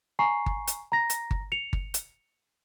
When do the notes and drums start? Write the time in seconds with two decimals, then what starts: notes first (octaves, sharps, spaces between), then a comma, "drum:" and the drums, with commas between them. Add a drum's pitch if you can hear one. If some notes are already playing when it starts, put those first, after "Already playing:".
0.19 G#5 A#5 C#6 C7
0.46 drum: kick G1
0.67 drum: hi-hat
0.92 A#5 A#6
1.10 drum: hi-hat
1.31 drum: kick G1
1.52 C#7 F7
1.73 drum: kick G1
1.94 drum: hi-hat